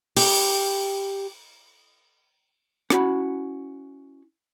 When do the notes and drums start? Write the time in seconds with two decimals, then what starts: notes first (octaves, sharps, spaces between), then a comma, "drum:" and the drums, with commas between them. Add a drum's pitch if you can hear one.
0.17 G4, drum: open hi-hat
2.90 C#4 E4 F#4 B5, drum: rim click